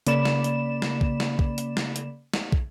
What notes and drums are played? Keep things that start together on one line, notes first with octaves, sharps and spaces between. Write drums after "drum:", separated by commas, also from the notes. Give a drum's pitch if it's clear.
C#3 A#3 D5 B5 E7, drum: hi-hat
drum: snare
drum: hi-hat
drum: snare
drum: kick
drum: snare
drum: kick
drum: hi-hat
drum: snare
drum: hi-hat
drum: snare
drum: kick